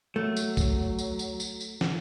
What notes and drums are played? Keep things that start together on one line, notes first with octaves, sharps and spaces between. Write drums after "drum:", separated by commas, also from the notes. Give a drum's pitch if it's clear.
F#3 A3
drum: tambourine
drum: kick C2, tambourine
drum: tambourine
drum: tambourine
drum: tambourine
drum: tambourine
drum: snare